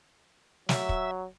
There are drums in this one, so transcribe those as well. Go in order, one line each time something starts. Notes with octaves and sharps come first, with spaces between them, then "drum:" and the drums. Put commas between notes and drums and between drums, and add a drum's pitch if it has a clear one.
F#3 E5, drum: snare
drum: kick